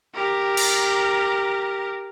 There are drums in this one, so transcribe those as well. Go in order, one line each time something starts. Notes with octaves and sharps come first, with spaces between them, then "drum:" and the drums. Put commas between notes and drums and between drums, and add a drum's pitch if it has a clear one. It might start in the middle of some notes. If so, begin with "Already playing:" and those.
G4 A#4
drum: cymbal